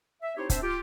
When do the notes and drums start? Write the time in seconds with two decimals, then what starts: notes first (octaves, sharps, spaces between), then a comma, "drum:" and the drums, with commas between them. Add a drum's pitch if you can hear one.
0.22 E5
0.37 C4 D#4 E4 G4 C5 C#5
0.50 C4 D4 C5 E5, drum: kick, hi-hat
0.62 F4 G4